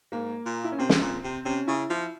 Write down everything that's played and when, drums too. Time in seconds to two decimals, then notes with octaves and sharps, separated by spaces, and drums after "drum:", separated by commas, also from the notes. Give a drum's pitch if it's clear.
0.12 G#2 A#3
0.46 A#2
0.64 E4
0.72 C#4
0.79 C3 C4
0.89 drum: snare
1.02 A#2
1.24 C3
1.45 C3 C#4
1.67 C#3 E4
1.90 F3 E4